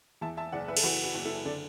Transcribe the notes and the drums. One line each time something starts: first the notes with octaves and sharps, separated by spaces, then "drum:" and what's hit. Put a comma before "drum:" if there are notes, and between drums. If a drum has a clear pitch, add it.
E2 E5 A5
E5 A5
F#1 D5 F#5
B4 E5
A4, drum: cymbal
E3 F#4 B4
F#4
F#1
E4 A4
D3 A4 D5